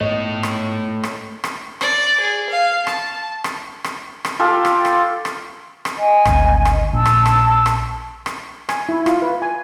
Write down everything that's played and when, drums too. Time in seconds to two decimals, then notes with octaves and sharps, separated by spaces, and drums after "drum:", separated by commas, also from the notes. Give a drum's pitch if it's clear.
0.01 G#2 A3 B3 C#5 D#5
0.43 drum: rim click
1.03 drum: rim click
1.44 drum: rim click
1.81 D5, drum: rim click
2.21 G#4
2.50 F5
2.87 A5, drum: rim click
3.44 drum: rim click
3.84 drum: rim click
4.25 drum: rim click
4.39 F4 G4 A4
4.65 drum: rim click
4.85 drum: rim click
5.25 drum: rim click
5.85 drum: rim click
5.98 D#5 G#5
6.25 G#1 D2, drum: rim click
6.65 drum: rim click
6.93 A#1 A5 E6
7.05 drum: rim click
7.26 drum: rim click
7.66 drum: rim click
8.26 drum: rim click
8.69 G#5, drum: rim click
8.89 E4
9.06 F4, drum: rim click
9.22 B4
9.42 G#5